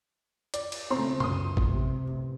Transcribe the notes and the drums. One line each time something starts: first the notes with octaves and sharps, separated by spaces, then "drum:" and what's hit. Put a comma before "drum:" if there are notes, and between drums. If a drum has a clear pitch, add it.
D5, drum: hi-hat
drum: cymbal
C#3 A3 C4 A#5 C6
C#2 F#2 B2 C6 D#6, drum: tom B2
drum: kick G#1
C3
A1